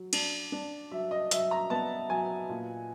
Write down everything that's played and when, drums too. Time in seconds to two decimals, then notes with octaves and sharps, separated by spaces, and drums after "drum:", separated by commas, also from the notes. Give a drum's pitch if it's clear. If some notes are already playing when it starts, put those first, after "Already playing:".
Already playing: F#3
0.13 D4, drum: cymbal
0.52 D4
0.92 F#3 E5
1.11 D#5
1.31 F#3 E5, drum: hi-hat
1.51 A#5
1.70 B3 A5
2.09 F#3 G#5
2.49 A#2